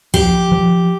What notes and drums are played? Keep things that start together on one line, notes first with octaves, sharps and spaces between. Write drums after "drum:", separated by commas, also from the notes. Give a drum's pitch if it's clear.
F3 G4, drum: kick
F3